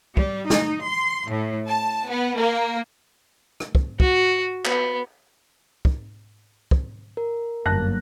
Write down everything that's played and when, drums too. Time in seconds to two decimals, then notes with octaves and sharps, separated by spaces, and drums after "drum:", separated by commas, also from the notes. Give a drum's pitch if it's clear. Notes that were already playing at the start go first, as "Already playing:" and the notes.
0.17 G3, drum: kick
0.50 D#4, drum: snare
0.84 C6
1.29 A2
1.68 A5
2.08 B3
2.38 A#3
3.60 drum: rim click
3.75 drum: kick
4.00 F#4, drum: kick
4.65 B3, drum: clap
5.85 drum: kick
6.71 drum: kick
7.17 A#4
7.66 G1 F#2 F#3 A#3 A5 F#6 A#6